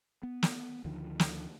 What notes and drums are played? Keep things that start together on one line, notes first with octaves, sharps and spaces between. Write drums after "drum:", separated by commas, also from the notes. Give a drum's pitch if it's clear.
B3
drum: snare
D2 D3 D#3 F3
drum: snare